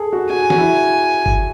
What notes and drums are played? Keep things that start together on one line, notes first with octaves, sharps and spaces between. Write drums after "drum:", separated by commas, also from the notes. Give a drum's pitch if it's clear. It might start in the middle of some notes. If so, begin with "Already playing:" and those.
Already playing: G#4 A4
F#4
F#4 G#5
F#4, drum: snare
E4
drum: kick G1